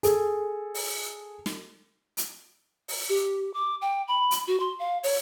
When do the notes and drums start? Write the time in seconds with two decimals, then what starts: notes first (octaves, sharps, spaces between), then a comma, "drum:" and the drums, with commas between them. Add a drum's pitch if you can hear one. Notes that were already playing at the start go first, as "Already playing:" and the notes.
0.03 G#4 A4, drum: hi-hat
0.75 drum: open hi-hat
1.46 drum: snare
2.17 drum: hi-hat
2.88 drum: open hi-hat
3.09 G4
3.54 D6
3.82 G5
4.08 B5
4.31 drum: hi-hat
4.47 F#4
4.60 C6
4.79 F5
5.03 C#5, drum: open hi-hat